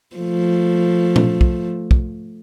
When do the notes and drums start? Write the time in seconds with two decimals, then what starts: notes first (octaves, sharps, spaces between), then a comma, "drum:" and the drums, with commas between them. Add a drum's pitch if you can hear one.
0.16 F3 A3
1.16 drum: tom A#2
1.41 drum: kick
1.91 drum: kick